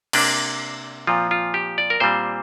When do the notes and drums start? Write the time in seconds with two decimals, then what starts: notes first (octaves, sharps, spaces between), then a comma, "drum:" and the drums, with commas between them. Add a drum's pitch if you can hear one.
0.13 C3 A#3 D4, drum: cymbal
1.07 A#2 F3 C4 F4
1.31 F4
1.54 G4
1.78 D5
1.90 A#4
2.00 A#2 G3 C4 C5